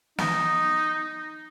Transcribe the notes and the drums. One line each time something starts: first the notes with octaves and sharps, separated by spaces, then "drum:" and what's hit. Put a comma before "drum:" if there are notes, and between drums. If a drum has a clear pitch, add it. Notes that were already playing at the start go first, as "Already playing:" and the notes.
D#4, drum: snare